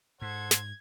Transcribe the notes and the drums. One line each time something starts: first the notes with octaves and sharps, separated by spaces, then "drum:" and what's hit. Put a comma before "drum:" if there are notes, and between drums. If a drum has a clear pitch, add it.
G#2 A4 C5 F#5 G#6
drum: snare